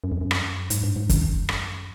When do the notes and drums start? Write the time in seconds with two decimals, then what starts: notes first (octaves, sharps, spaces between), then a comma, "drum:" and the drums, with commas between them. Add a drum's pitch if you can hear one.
0.04 F#2
0.12 F2
0.21 F#2
0.31 drum: rim click
0.70 G#2, drum: hi-hat
0.83 G2
0.96 G#2
1.09 F#2, drum: kick, hi-hat
1.49 drum: rim click